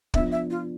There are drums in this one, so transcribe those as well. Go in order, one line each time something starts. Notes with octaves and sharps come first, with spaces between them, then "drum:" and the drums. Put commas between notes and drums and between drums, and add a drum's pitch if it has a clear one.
F3 B3 D4 E5, drum: kick
E5
F4